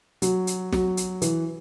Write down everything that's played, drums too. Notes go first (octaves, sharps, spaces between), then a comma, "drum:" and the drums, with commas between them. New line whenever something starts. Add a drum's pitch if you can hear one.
F#3, drum: hi-hat
drum: hi-hat
F#3, drum: snare
drum: hi-hat
E3, drum: hi-hat